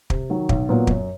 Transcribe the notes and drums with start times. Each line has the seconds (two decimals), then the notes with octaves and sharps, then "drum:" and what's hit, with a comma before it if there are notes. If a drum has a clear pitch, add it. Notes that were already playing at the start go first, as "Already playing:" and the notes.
0.10 C3, drum: kick
0.30 D#3 F#3
0.49 B1, drum: kick
0.69 A#2 F#3 B3
0.87 F#2, drum: kick